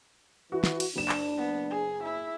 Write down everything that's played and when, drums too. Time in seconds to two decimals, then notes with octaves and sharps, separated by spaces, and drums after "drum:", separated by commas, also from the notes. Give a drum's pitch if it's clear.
0.52 E3 F#4
0.64 drum: snare
0.80 drum: cymbal
0.96 F#1 D4 E7
1.09 drum: clap
1.38 B3
1.70 G#4
2.03 E4